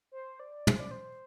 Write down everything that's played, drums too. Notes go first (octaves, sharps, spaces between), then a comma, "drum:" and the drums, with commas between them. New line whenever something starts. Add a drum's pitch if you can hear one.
C5
D5
C5, drum: tom
D5
C5